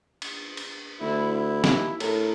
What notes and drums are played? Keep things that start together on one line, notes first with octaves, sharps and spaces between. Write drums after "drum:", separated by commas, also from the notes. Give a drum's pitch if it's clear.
drum: cymbal
drum: cymbal
D2 E4
E4
D#2, drum: snare
A2 A#4, drum: cymbal